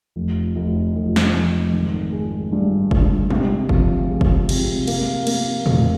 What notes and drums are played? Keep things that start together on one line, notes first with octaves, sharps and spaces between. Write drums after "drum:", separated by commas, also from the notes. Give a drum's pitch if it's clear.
F1
F1
F1
drum: snare
F2
G#1
G#3
G2
G2, drum: kick G1
C3, drum: tom G3
F3, drum: kick G1
G#3
drum: kick G1
C3, drum: cymbal
A#3, drum: cymbal
A#3, drum: cymbal
F1, drum: tom A2